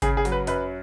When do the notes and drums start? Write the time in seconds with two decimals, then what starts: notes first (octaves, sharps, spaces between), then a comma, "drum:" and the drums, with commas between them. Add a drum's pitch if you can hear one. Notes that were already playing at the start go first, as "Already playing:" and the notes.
0.02 C#3 G#4, drum: kick G#1, hi-hat
0.17 G#4
0.25 F#3, drum: hi-hat
0.32 B4
0.47 F#2 B4, drum: hi-hat